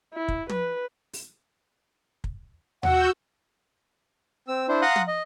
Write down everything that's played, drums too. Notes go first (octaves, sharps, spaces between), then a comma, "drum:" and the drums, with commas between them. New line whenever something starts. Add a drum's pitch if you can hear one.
E4
drum: kick
B4, drum: tom
drum: open hi-hat
drum: kick
F#4 F#5 E6 G6, drum: tom D#2
C4 E6
D4 E4 C5
F5 F#5 A#5 C6 D#6 F#6
drum: tom
D#5